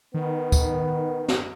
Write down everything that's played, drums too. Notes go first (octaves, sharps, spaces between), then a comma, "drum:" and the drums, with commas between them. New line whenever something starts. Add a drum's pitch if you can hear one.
D#3 B3
drum: kick D2, tambourine
drum: snare